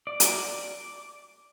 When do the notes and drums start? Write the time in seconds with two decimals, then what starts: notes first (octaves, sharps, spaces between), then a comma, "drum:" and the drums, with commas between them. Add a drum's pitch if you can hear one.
0.07 D5
0.20 drum: hi-hat